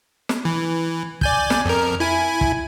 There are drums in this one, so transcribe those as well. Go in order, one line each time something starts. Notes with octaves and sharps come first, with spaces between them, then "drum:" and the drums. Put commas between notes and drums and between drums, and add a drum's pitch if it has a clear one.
drum: snare
E3
D5 G#5 G6, drum: kick
drum: snare
F2 A#4
E4 G#5
drum: kick